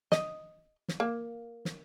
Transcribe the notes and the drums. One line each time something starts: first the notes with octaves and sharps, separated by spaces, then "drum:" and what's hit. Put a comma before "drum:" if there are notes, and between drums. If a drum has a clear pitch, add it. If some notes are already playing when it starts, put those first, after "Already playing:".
D#5, drum: snare
drum: snare
A#3
drum: snare